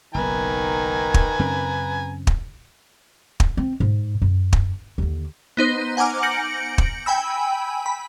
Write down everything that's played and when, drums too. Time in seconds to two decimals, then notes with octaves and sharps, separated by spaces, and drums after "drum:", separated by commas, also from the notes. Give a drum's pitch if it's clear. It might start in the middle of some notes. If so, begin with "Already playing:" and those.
0.14 F#1 B1 D#3 B4 G#5 A#5
1.14 drum: kick
1.39 F#2 C#3 C4
2.27 drum: kick
3.40 drum: kick
3.57 C4
3.80 G#2
4.22 F#2
4.53 drum: kick
4.98 D#2 D3
5.57 B3 D#4 C5
5.97 F#5 G#5 A#5 D6 F6
6.23 G6 A#6 C#7 D7 F#7
6.78 drum: kick
7.06 G5 G#5 B5 E6
7.86 B5